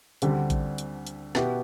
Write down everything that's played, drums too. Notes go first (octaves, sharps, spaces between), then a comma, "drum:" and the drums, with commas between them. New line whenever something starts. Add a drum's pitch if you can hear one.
D2 D3 G3 C4 G4, drum: hi-hat
drum: kick A1, hi-hat
drum: hi-hat
drum: hi-hat
B2 B3 E4 G4, drum: snare